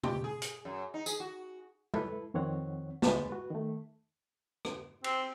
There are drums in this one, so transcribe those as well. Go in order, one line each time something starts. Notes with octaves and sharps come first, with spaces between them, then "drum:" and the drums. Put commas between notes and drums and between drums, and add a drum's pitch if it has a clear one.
G4, drum: tom B2
G#4
drum: hi-hat
F#2
D#4
G#4, drum: tambourine
F#4
E4 A4 B4, drum: tom G#3
F2 D#3 C4 C#5 F#5
D2 G#3 G#4 B5 A6, drum: snare
F#4 B4
D#3 A3
drum: rim click
C4, drum: cymbal